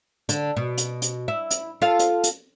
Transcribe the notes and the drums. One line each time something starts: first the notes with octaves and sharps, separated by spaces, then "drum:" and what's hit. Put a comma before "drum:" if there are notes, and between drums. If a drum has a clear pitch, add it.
D3, drum: hi-hat
B2
drum: hi-hat
drum: hi-hat
E4
drum: hi-hat
F4 A4 F5
drum: hi-hat
drum: hi-hat